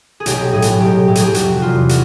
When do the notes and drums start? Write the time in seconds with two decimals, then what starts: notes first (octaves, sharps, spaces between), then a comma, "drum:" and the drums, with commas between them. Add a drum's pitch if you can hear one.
0.20 G#4
0.26 B1 G4, drum: hi-hat
0.53 A2 F#3 G#4
0.62 drum: hi-hat
0.80 B1 G4
1.07 A2 F#3 G4
1.15 G#4, drum: hi-hat
1.23 G4
1.34 F1 F#4, drum: hi-hat
1.61 E2 C3 F4
1.89 F#4, drum: hi-hat